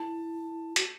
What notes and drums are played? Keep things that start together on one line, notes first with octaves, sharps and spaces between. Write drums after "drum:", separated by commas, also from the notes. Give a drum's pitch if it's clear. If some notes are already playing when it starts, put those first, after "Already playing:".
Already playing: E4 A5
F#4, drum: hi-hat